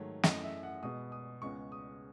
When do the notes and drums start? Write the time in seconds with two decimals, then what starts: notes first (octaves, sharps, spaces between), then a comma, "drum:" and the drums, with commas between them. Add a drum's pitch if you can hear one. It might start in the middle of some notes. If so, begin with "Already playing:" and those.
Already playing: G#2 D#3 F#3 A3 C#5
0.23 F#2 E3 A3 D#5, drum: snare
0.44 E5
0.63 F#5
0.83 B2 G#3 B3 D#6
1.12 D#6
1.42 C#2 C#3 G#3 B3 C#6
1.72 D#6